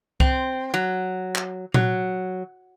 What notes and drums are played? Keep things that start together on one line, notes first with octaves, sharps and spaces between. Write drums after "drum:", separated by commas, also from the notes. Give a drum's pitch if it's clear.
C4, drum: kick
F#3
drum: clap
F#3, drum: tom A#2